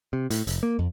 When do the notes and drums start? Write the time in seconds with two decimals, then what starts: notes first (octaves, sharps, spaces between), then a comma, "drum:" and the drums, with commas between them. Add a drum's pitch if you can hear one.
0.13 C3
0.30 A2, drum: hi-hat
0.47 F1, drum: hi-hat
0.63 A#3
0.79 F2